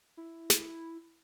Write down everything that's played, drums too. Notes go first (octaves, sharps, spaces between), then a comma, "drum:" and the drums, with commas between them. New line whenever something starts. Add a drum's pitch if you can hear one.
E4
drum: snare